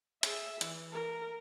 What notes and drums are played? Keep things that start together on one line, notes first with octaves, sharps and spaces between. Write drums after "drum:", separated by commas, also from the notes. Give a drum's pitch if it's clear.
G#4 E5, drum: hi-hat
E3, drum: hi-hat
A#4